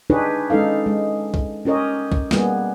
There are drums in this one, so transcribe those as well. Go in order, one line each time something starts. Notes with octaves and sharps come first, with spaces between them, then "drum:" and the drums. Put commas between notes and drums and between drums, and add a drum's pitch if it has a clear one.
D4 D#4 G4 G#4 B4 C#5
G#3 C#4 D#4 A4 F5
G#3
drum: kick
C#4 G4 A#4 C#5 D#5
drum: kick
G3 A#3 B3 G#4, drum: snare